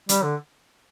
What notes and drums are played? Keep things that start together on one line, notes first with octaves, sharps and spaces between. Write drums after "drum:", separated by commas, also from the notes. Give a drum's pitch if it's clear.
G3, drum: hi-hat
D3